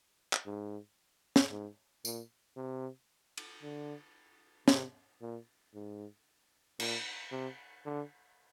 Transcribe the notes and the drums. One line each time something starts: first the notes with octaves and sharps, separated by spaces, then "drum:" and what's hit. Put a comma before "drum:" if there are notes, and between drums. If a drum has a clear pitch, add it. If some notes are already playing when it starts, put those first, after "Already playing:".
drum: clap
G#2
drum: snare
G#2
A#2, drum: tambourine
C3
drum: cymbal
D3
C3, drum: snare
A#2
G#2
A#2, drum: cymbal
C3
D3